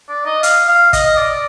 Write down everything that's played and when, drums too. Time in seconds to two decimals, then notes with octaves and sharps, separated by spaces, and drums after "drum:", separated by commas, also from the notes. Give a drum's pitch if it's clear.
0.09 D5
0.26 D#5
0.43 F5, drum: hi-hat
0.68 F5
0.93 D#5, drum: kick, hi-hat
1.17 D5